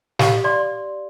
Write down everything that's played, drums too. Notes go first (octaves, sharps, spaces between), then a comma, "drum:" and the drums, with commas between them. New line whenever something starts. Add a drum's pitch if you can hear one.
G4 F5, drum: snare
D5 C6